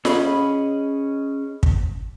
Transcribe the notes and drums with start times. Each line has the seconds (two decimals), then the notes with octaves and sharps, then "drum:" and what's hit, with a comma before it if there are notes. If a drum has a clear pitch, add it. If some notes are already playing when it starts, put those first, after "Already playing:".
0.05 C#4 G#4 D#5 B5, drum: snare F4
1.63 drum: kick